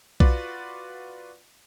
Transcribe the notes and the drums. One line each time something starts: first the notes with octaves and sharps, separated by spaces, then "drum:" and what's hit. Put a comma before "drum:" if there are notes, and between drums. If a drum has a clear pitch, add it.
F4 F#4 B4 D5, drum: kick B1